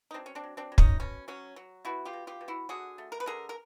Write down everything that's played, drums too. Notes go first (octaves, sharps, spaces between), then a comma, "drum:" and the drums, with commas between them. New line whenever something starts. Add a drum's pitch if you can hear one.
D#4
F#3 C4 D4
C#4
C4 D4
F#3
C4 D4
F#3
C#4 D#4, drum: kick
B2 C#4
F#3 C#4
F#3
B2 E4 F#4
F4 G4
B2
F4 G4
B2
E4 F#4
D3 F#4 G#4
A3
A#4
B4
D3 G#4 A#4
A#4